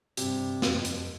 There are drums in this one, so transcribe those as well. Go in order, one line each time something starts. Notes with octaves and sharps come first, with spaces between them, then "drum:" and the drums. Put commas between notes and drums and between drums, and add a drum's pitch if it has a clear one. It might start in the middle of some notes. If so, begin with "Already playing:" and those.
G2 C3, drum: hi-hat
F2, drum: snare
drum: hi-hat